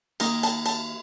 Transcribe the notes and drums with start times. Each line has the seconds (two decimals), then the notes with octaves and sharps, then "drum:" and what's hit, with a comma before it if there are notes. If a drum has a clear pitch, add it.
0.20 D#3 A#3, drum: cymbal
0.43 A5, drum: cymbal
0.66 A5, drum: cymbal